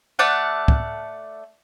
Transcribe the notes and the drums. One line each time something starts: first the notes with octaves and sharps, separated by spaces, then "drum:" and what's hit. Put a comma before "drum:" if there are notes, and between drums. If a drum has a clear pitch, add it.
A3 D5 F#5
drum: kick